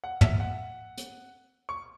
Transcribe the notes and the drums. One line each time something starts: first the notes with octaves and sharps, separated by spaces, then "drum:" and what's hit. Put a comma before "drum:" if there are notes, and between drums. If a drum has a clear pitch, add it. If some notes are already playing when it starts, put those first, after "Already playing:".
F#5
E5, drum: tom
F#5
drum: hi-hat
C#6